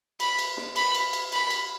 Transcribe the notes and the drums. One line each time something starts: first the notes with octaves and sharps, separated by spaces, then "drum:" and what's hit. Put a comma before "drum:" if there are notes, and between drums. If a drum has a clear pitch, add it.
B5, drum: cymbal
drum: cymbal
drum: snare
B5, drum: cymbal
drum: cymbal
drum: cymbal
B5, drum: cymbal
drum: cymbal